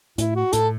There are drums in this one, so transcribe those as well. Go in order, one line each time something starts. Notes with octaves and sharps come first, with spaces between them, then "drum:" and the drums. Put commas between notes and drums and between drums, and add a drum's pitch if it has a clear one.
A2 E4, drum: hi-hat
F#4
A2 A4, drum: hi-hat